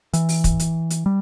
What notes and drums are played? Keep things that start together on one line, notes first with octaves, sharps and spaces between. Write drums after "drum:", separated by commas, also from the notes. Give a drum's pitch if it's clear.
E3, drum: hi-hat
drum: open hi-hat
drum: kick, hi-hat
drum: hi-hat
drum: hi-hat
G3